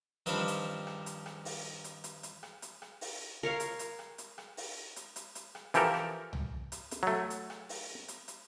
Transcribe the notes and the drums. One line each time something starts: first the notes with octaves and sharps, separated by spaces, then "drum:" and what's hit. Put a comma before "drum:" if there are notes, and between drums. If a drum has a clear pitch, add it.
G2 D#3 F3 C4 D4 B5, drum: hi-hat
drum: hi-hat
drum: rim click
drum: hi-hat
drum: rim click
drum: open hi-hat
drum: hi-hat
drum: hi-hat
drum: hi-hat
drum: rim click
drum: hi-hat
drum: rim click
drum: open hi-hat
A#4 C#5 F5
drum: hi-hat
drum: hi-hat
drum: rim click
drum: hi-hat
drum: rim click
drum: open hi-hat
drum: hi-hat
drum: hi-hat
drum: hi-hat
drum: rim click
E3 F3 G4 A4 A#4, drum: hi-hat
drum: rim click
drum: tom
drum: hi-hat
drum: hi-hat
F#3 A3
drum: hi-hat
drum: rim click
drum: open hi-hat
drum: hi-hat
drum: hi-hat